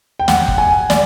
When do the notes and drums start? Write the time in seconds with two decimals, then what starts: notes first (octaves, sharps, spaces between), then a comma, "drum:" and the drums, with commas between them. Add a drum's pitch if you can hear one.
0.19 G5
0.28 F#5, drum: snare
0.48 drum: kick
0.58 G#5
0.90 D5, drum: snare